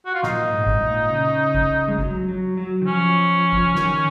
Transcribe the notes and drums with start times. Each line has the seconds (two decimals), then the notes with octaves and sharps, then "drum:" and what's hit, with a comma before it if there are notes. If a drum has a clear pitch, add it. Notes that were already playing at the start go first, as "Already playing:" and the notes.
0.06 F#4
0.14 F4
0.23 A#2 D#4, drum: snare
0.52 G#2
0.67 drum: kick
0.81 A#2
1.10 C#3
1.55 drum: kick
1.88 G#3
1.98 F#3, drum: kick
2.29 F#3
2.57 F#3
2.82 D#3
2.86 F3 C#4
3.53 drum: kick
3.75 D#3, drum: snare